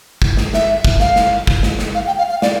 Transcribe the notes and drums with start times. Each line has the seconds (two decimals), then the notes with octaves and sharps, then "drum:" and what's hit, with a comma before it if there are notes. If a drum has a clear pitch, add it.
0.22 drum: kick
0.37 drum: snare
0.54 E5, drum: snare
0.85 drum: kick
1.00 F5, drum: snare
1.16 drum: snare
1.47 drum: kick
1.63 drum: snare
1.79 drum: snare
1.95 F5
2.07 G5
2.18 F5
2.30 F5
2.42 D5, drum: snare